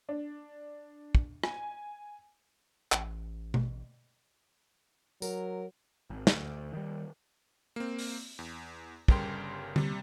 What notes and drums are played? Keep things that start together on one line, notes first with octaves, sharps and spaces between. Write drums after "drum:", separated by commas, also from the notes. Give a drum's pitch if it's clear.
D4
drum: kick
G#5, drum: rim click
A1, drum: clap
drum: tom B2
F#3 A#4, drum: tambourine
G#1
D2, drum: snare
D#3 G3
A#3 C4
drum: open hi-hat
E2
G1 C#3 G3 A#4 G5 C6, drum: kick
C3 G3, drum: tom D3